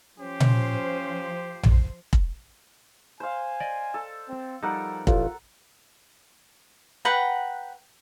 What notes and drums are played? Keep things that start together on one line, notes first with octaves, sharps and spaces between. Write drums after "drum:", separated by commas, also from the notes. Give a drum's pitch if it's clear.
F3 C#4 G4 C5
drum: tom A#2
drum: tom A#1
drum: kick
C5 F5 G#5
D5 D#5
A4
C4
F3 G3 D#4 A4 A#4 F#5
A1 F4, drum: kick
B4 F#5 G5 A#5